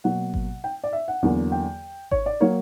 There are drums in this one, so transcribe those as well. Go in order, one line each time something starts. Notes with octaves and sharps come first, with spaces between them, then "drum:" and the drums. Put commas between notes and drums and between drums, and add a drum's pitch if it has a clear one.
B2 F#3 A#3 F#5
drum: kick G#1
G5
D5
E5
F#5
E2 D3 F#3 A#3
G5
C#5, drum: kick G#1
D5
F#3 A#3 C#5